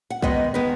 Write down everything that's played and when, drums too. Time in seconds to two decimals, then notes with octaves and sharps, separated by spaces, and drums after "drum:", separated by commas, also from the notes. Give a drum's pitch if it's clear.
0.10 F#5
0.22 G#2 D#3 G#3 B3 D#5, drum: kick
0.54 D#3 G#3 B3 B4